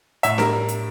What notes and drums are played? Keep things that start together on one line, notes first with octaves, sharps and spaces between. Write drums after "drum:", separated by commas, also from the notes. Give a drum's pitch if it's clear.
A2 E5, drum: hi-hat
G3 A#4, drum: snare D4
drum: hi-hat